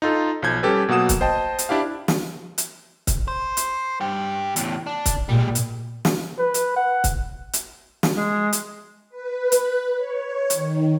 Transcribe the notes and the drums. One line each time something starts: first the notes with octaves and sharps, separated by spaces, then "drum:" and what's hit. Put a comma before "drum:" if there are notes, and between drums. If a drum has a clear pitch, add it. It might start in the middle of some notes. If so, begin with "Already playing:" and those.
D#4 F4 A4
B1 F3 G6 G#6
G3 C#4 G4 A4 B4
B2 F#3 A#3 F#5 D#6 E7
drum: kick C#1, hi-hat
C5 D#5 G5 A5
drum: hi-hat
D4 E4 G4 F5
drum: snare
drum: hi-hat
drum: kick C#1, hi-hat
C5
drum: hi-hat
G2 G4
E2 A2, drum: hi-hat
D4
drum: kick C#1, hi-hat
A#2 G3 G#3
drum: hi-hat
drum: snare
B4
drum: hi-hat
F#5
drum: kick C#1, hi-hat
drum: hi-hat
drum: snare
G#3
drum: hi-hat
B4
drum: hi-hat
C#5
D#3, drum: hi-hat